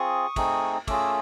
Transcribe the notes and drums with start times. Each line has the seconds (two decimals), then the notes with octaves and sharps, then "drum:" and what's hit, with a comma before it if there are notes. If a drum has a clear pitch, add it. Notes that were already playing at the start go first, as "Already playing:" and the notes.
Already playing: C4 F4 G#4 C#6 D#6
0.36 A3 C4 D#4 G#4, drum: kick, cymbal
0.88 A3 C#4 F4 G#4 D6 E6, drum: kick, cymbal